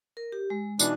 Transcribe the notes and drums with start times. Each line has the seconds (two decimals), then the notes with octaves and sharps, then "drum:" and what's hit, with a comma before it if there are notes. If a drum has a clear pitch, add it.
0.17 A#4
0.32 G4
0.50 G#3
0.79 B2 E3 D4 D#4, drum: tambourine